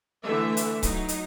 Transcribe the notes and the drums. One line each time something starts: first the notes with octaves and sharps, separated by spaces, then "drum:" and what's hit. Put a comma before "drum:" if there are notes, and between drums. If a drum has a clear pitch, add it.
D3 E3 A3 E5
drum: hi-hat
F#3 D#4, drum: kick C#1, hi-hat
drum: hi-hat